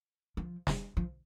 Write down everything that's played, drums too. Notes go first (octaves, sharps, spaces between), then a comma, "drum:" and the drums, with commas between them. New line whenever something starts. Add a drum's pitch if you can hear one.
F3
drum: snare
F3